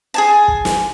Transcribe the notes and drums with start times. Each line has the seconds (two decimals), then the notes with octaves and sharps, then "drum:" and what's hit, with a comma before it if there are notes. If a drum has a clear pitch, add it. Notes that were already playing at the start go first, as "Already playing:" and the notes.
0.14 G#4 G#5 A5
0.48 drum: kick
0.65 drum: snare